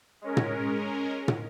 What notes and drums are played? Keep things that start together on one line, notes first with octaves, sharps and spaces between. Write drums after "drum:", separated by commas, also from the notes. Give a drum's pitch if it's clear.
G#3 C#4 A#4
drum: tom
drum: tom